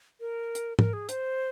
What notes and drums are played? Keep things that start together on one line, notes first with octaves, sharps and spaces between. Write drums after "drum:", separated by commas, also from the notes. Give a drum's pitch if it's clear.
A#4
drum: hi-hat
A#4, drum: tom
G#4
C5, drum: hi-hat